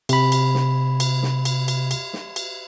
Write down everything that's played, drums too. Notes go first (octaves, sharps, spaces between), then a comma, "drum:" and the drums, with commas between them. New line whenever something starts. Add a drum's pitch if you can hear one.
C3 B5, drum: cymbal
drum: cymbal
drum: snare
drum: cymbal
drum: snare
drum: cymbal
drum: cymbal
drum: cymbal
drum: snare
drum: cymbal